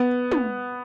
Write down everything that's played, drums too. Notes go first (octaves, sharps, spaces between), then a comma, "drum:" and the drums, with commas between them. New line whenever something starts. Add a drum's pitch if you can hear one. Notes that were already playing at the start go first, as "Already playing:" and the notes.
Already playing: B3
drum: tom